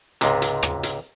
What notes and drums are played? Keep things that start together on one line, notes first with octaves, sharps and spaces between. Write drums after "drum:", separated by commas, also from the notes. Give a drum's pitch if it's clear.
C#2 G#2 C3, drum: hi-hat
drum: hi-hat
drum: rim click
drum: hi-hat